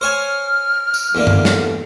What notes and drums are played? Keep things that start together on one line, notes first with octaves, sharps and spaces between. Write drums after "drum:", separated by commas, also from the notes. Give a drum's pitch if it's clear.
C5 C#5 G#5 F6
drum: tambourine
E2 D3 A#3
drum: tom G2
drum: snare